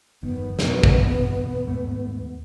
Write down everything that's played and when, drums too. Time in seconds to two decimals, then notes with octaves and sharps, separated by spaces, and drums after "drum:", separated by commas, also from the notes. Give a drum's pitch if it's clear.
0.23 G1 F2 D#3 B3
0.59 E2 B2, drum: snare
0.84 drum: kick
1.67 D#2 G#2 A3